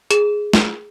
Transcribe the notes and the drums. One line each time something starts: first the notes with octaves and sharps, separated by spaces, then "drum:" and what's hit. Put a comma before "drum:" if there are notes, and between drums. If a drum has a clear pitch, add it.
G#4, drum: hi-hat
drum: snare